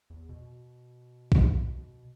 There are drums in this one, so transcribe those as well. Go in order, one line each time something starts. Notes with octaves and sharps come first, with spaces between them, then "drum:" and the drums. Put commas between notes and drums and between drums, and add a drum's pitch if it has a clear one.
E2
B2
drum: kick B1